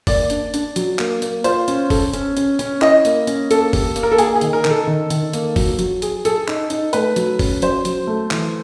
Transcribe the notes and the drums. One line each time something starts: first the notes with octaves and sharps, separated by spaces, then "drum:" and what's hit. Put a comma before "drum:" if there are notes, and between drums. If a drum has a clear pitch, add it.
A#3 D5, drum: kick F#1, open hi-hat
D4, drum: hi-hat
D4, drum: hi-hat
F#3, drum: hi-hat
A#3, drum: clap
A#3, drum: hi-hat
F4 C5, drum: hi-hat
C#4, drum: hi-hat
A4, drum: kick F#1, open hi-hat
C#4, drum: hi-hat
C#4, drum: hi-hat
C#4, drum: hi-hat
E4 D#5, drum: clap
A#3, drum: hi-hat
C#4, drum: hi-hat
A#3 A4, drum: hi-hat
G4, drum: kick F#1, open hi-hat
A#3, drum: hi-hat
A#4
A4
A#3 G#4, drum: hi-hat
G#4
D#3, drum: hi-hat
A#4
D#3, drum: clap
A4
D#3
D#3, drum: hi-hat
A#3, drum: hi-hat
F#3, drum: kick F#1, open hi-hat
F#3, drum: hi-hat
G#4, drum: hi-hat
G#4 A4, drum: hi-hat
D#4, drum: clap
D#4, drum: hi-hat
A3 B4, drum: hi-hat
F#3, drum: hi-hat
C#4, drum: kick F#1, open hi-hat
F#3 C5, drum: hi-hat
F#3, drum: hi-hat
A3
E3, drum: clap